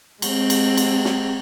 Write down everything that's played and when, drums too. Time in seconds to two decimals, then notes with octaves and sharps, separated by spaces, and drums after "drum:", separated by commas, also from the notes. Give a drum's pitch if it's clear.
0.22 G#3 C4, drum: cymbal
0.50 drum: cymbal
0.77 drum: cymbal
1.05 drum: snare